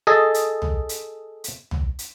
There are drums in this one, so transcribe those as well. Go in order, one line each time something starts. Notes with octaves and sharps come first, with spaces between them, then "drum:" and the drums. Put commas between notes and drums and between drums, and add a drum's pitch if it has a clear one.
G#4 A4 D#5
drum: hi-hat
drum: tom B1
drum: hi-hat
drum: hi-hat
drum: tom B1
drum: hi-hat